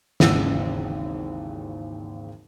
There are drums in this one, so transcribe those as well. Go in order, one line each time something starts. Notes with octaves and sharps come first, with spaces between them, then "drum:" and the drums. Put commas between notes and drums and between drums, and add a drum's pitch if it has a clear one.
G#1 D#2 C#3 E3 F#5 E6, drum: snare